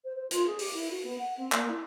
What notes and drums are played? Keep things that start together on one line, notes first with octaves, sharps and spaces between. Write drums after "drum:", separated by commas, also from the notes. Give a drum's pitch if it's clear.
C5
C5
F4, drum: hi-hat
G#4
G4, drum: open hi-hat
E4
F#4
B3
F#5
C4
A#3, drum: clap
E4